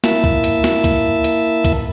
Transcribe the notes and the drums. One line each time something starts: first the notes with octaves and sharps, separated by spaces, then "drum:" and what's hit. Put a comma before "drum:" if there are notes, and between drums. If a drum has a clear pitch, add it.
A#3 E4 E5 A5, drum: snare
drum: kick C2
drum: hi-hat
drum: snare
drum: kick C2, hi-hat
drum: hi-hat
drum: kick C2, hi-hat